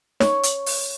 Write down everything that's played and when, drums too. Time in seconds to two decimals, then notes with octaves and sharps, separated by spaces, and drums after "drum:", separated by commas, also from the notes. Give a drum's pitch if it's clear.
0.20 C#5, drum: snare
0.43 drum: hi-hat
0.66 drum: open hi-hat